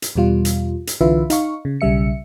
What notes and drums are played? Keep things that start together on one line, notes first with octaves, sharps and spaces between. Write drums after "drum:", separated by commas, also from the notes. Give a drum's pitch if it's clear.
drum: hi-hat
E2 B2 G3 F4
drum: hi-hat
drum: hi-hat
C2 D3 E3 F4 B4 E5
D#4 F5 C#6, drum: hi-hat
C#3
B1 C#3 G3 E5 C#7